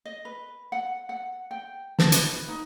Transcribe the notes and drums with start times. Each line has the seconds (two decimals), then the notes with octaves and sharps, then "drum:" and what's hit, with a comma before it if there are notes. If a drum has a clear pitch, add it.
0.05 D#5
0.25 B4
0.72 F#5
1.09 F#5
1.51 G5
1.99 A5, drum: snare
2.12 B4, drum: hi-hat
2.48 D#4